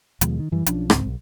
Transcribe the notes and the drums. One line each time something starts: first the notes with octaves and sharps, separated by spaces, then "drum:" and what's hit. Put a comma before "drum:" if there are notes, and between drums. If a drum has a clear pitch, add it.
D#2 B2 F3 G#3, drum: hi-hat
D#3
F#2 E3 G3
B1 F3 C#4 D4, drum: hi-hat
C#2 G#2 C4, drum: rim click
B1